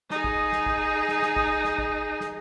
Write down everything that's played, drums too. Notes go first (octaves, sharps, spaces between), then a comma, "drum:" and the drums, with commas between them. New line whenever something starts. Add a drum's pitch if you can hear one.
D#4 G#4, drum: snare
drum: kick
drum: snare
drum: kick
drum: snare
drum: snare
drum: kick
drum: snare
drum: kick
drum: snare